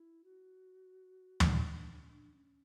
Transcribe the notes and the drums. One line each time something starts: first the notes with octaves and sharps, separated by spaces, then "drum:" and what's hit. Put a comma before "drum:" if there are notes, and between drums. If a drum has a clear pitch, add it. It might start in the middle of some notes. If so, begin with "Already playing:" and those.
Already playing: E4
F#4
drum: tom
D4
D4
D4
C#4
D4
C#4